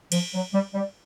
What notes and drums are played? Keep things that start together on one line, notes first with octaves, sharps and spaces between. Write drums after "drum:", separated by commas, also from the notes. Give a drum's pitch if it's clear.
F3, drum: cymbal
F#3
G3
G3